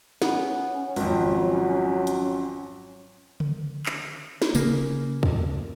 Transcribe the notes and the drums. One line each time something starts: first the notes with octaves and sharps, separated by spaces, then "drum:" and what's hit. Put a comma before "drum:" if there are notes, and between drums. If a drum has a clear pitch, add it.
B3 C#4, drum: snare
G#1 F2 F#3, drum: open hi-hat
drum: hi-hat
drum: tom C#3
drum: clap
drum: snare
C#3 A#3, drum: tambourine
drum: kick